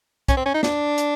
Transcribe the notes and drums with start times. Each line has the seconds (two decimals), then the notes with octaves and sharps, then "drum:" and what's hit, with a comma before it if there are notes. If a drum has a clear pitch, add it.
0.28 C#4, drum: kick, hi-hat
0.37 C4
0.46 C#4
0.54 D#4
0.63 D4, drum: snare
0.98 drum: hi-hat